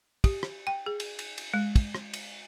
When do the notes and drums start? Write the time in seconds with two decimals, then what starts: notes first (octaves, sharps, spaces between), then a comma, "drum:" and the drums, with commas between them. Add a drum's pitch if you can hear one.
0.24 G4, drum: kick, cymbal
0.43 drum: rim click
0.67 G5
0.86 G#4
1.00 drum: cymbal
1.19 drum: cymbal
1.38 drum: cymbal
1.54 G#3
1.76 drum: kick, cymbal
1.94 drum: rim click
2.13 drum: cymbal